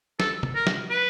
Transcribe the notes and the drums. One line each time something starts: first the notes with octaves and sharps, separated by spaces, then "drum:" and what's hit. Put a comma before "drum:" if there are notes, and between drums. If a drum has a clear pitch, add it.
A4, drum: snare
drum: tom
A#4
drum: snare
B4